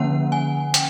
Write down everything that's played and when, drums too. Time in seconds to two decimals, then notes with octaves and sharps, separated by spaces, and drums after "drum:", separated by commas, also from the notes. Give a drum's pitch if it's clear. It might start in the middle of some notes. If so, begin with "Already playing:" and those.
Already playing: D3 F3 A#3 C#4 F#5
0.32 G#5
0.74 G5, drum: hi-hat